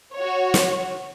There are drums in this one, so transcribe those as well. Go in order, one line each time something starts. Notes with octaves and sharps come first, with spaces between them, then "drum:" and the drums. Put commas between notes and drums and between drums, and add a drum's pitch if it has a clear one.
F#4 C#5
drum: snare